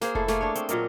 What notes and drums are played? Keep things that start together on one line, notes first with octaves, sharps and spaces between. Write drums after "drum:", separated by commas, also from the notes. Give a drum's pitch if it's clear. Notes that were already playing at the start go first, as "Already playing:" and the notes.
A#3 G#4 C5, drum: snare
A2 E4 A4, drum: kick F1
A3 A#3 G#4, drum: snare
D4 C#5
C4, drum: hi-hat
A#2 F#3 A#4 D#5, drum: hi-hat